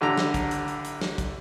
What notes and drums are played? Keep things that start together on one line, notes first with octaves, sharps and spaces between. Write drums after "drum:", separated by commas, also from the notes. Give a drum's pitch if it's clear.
A1 D3 A#5
drum: snare
drum: kick, hi-hat
drum: hi-hat
drum: hi-hat
drum: hi-hat
drum: snare
drum: kick, hi-hat